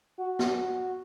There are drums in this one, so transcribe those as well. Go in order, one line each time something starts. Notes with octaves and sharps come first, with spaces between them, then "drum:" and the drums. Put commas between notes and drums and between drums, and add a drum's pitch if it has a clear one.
F#4
drum: snare